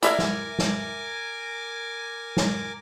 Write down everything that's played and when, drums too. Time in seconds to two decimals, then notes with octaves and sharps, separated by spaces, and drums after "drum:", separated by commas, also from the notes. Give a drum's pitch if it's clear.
0.03 E4 A#4 E5 F5 G#5 D6, drum: hi-hat
0.19 drum: snare
0.59 drum: snare
2.37 drum: snare